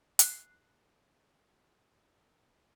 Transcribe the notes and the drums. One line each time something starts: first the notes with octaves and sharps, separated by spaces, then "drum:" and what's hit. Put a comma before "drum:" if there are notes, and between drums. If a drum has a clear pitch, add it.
F#6 C7, drum: hi-hat